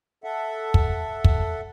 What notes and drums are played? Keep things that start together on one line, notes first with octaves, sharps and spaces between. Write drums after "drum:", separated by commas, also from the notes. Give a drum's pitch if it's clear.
A4 E5 F#5
drum: kick
drum: kick